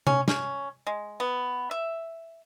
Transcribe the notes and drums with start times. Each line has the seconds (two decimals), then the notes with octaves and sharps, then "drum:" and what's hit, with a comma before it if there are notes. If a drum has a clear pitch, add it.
0.07 C#4, drum: tom C3
0.28 C#4, drum: snare
0.87 G#3
1.20 B3
1.71 E5